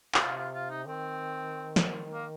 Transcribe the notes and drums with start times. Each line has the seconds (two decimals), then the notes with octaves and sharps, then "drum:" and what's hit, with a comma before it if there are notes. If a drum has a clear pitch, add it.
0.14 G4, drum: clap
0.21 C3 F4
0.37 F4
0.54 F4
0.70 D#4
0.86 D#3 C4
1.76 drum: snare
2.13 A#3